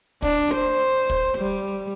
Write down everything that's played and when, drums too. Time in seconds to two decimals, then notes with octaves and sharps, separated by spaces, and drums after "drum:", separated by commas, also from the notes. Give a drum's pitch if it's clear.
0.22 D4, drum: kick
0.54 C5
1.10 drum: kick
1.38 G3